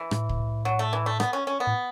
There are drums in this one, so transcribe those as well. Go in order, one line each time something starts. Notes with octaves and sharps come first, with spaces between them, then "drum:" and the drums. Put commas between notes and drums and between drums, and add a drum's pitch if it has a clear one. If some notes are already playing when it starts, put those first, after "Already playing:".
Already playing: E3
A2, drum: rim click
drum: kick
F#3
A3
E3
A3
B3, drum: rim click
C#4
C#4
B3
A2